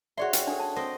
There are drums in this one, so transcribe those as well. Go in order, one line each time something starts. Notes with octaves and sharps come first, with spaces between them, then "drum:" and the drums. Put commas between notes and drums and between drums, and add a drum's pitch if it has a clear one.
F#4 G#4 C#5 D5 E5 C6
G5, drum: hi-hat
D4 A4 A#4
A5
C4 D#5